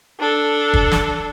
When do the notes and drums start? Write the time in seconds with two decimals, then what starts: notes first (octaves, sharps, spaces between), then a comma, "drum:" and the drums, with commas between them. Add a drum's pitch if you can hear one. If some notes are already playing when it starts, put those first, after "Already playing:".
0.20 D4 A4
0.74 drum: kick
0.91 drum: snare